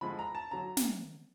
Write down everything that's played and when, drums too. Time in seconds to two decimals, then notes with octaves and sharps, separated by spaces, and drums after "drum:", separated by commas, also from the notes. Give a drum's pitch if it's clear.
0.01 D3 F3 G#3 B5
0.19 A#5
0.35 A5
0.51 D3 F#3 A#5
0.77 drum: snare